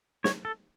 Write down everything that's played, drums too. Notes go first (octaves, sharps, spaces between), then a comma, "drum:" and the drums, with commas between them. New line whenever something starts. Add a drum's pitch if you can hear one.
C#5, drum: snare
A4